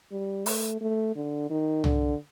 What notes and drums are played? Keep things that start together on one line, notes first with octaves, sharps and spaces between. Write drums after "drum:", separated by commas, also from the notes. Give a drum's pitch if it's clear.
G3
A3, drum: open hi-hat
A3
D3
D#3
D3, drum: tom